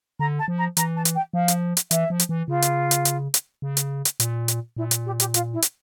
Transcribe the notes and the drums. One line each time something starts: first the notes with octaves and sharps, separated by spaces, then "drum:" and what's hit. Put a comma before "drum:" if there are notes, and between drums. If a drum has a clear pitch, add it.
D3 A#5
A5
F3
A#5
E3 A#5, drum: hi-hat
A5
drum: hi-hat
G5
F3 F5
drum: hi-hat
drum: hi-hat
E3 E5, drum: hi-hat
F3
drum: hi-hat
E3
C#3 F4
drum: hi-hat
drum: hi-hat
drum: hi-hat
drum: hi-hat
C#3
drum: hi-hat
drum: hi-hat
A#2, drum: hi-hat
drum: hi-hat
A#2 E4
drum: hi-hat
G4
G4, drum: hi-hat
F4, drum: hi-hat
E4
drum: hi-hat